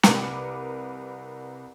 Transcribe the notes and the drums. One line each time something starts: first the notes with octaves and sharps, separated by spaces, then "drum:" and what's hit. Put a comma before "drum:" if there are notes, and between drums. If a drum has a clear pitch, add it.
C2 A#4 B4 D6 C#7, drum: snare